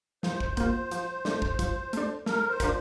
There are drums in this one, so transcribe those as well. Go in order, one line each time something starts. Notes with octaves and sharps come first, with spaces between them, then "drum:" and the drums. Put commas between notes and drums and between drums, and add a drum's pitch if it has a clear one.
F3 C5, drum: snare
drum: kick
A#3 F4, drum: kick, hi-hat
F3, drum: hi-hat
A3 D4, drum: snare
drum: kick
F3, drum: kick, hi-hat
A3 D4, drum: hi-hat
A3 A#4, drum: snare
C5
D4 F4 A#4, drum: kick, hi-hat